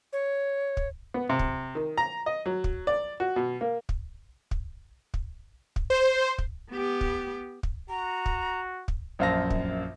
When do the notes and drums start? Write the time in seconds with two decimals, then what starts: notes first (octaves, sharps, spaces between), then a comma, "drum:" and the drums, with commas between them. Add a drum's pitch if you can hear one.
0.13 C#5
0.77 drum: kick
1.14 B3
1.29 C3
1.39 drum: kick
1.75 D#3
1.98 A#5
2.26 D#5
2.46 F#3
2.64 drum: kick
2.87 D5
3.20 F#4
3.36 B2
3.61 A#3
3.89 drum: kick
4.51 drum: kick
5.14 drum: kick
5.76 drum: kick
5.90 C5
6.38 drum: kick
6.72 B3 G4
7.01 drum: kick
7.63 drum: kick
7.89 F#4 A#5
8.26 drum: kick
8.88 drum: kick
9.19 A#1 F#2 C5 F5 A5 A#6
9.50 drum: kick